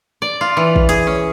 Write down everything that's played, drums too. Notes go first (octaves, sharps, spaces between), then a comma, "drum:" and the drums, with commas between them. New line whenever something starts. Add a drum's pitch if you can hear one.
D5
F4
E3
drum: kick
G#4, drum: hi-hat
C#4